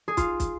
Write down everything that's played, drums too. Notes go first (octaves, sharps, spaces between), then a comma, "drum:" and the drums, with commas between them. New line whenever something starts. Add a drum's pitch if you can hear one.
G#4
F4, drum: kick, hi-hat
drum: kick, hi-hat